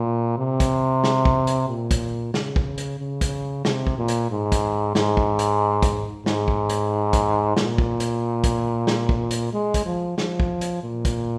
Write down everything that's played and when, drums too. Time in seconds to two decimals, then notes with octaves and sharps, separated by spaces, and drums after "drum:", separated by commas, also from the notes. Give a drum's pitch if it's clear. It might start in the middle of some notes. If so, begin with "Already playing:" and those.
Already playing: A#2
0.38 C3
0.60 drum: kick, hi-hat
1.04 drum: snare
1.25 drum: kick
1.47 drum: hi-hat
1.69 A#2
1.91 drum: kick, hi-hat
2.34 C#3, drum: snare
2.56 drum: kick
2.78 drum: hi-hat
3.00 C#3
3.21 drum: kick, hi-hat
3.65 C3, drum: snare
3.87 drum: kick
3.98 A#2
4.08 drum: hi-hat
4.30 G#2
4.52 drum: kick, hi-hat
4.95 G#2, drum: snare
5.17 drum: kick
5.39 drum: hi-hat
5.83 drum: kick, hi-hat
6.26 G#2, drum: snare
6.48 drum: kick
6.70 drum: hi-hat
7.13 drum: kick, hi-hat
7.57 A#2, drum: snare
7.78 drum: kick
8.00 drum: hi-hat
8.44 drum: kick, hi-hat
8.87 drum: snare
9.09 drum: kick
9.31 drum: hi-hat
9.53 G#3
9.74 drum: kick, hi-hat
9.85 F3
10.18 F3, drum: snare
10.40 drum: kick
10.61 drum: hi-hat
10.83 A#2
11.05 drum: kick, hi-hat